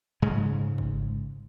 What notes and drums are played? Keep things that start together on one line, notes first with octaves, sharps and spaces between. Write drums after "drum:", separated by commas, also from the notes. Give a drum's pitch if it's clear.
G#2 C#3 G#3
drum: kick